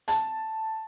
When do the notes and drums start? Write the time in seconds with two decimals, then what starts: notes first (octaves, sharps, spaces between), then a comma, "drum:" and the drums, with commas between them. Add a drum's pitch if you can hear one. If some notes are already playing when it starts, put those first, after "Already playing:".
0.08 A5, drum: hi-hat